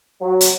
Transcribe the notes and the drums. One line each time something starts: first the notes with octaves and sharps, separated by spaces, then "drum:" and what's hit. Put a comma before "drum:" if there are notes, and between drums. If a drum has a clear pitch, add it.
F#3
drum: hi-hat